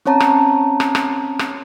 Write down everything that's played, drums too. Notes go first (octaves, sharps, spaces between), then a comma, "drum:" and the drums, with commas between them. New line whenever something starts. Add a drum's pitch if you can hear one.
C4 C#4 C#5 A5 A#5
drum: rim click
drum: rim click
drum: rim click
drum: rim click